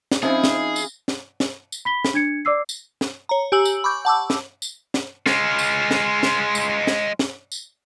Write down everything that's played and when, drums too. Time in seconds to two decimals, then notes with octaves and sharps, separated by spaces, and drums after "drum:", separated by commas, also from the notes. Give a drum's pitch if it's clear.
0.11 drum: snare
0.23 F3 C4 C#4 D#4 E4 G#4 C5
0.44 drum: snare
0.76 drum: tambourine
1.08 drum: snare
1.40 drum: snare
1.72 drum: tambourine
1.85 B5 B6 G7
2.05 drum: snare
2.14 D4 G#6 C#7
2.45 D5 D6 E6 C7
2.69 drum: tambourine
3.01 drum: snare
3.29 C#5 A#5
3.52 G4 G#5 E6 F#7
3.65 drum: tambourine
3.84 B5 C#6 D6 G6
4.05 F#5 A5 D6 E6
4.30 drum: snare
4.62 drum: tambourine
4.94 drum: snare
5.26 G#3 F4, drum: snare
5.59 drum: tambourine
5.91 drum: snare
6.23 drum: snare
6.55 drum: tambourine
6.87 drum: snare
7.19 drum: snare
7.52 drum: tambourine